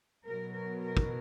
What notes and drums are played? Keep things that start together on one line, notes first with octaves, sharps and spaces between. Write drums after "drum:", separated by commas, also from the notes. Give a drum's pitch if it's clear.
B2 F#3 A#4
A#4
A#4
drum: kick